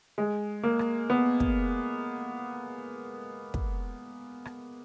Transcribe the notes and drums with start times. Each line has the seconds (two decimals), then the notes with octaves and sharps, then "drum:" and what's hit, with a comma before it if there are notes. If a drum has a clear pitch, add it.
0.18 G#3
0.63 A#3
0.79 drum: rim click
1.10 B3
1.40 drum: kick
3.54 drum: kick
4.45 drum: rim click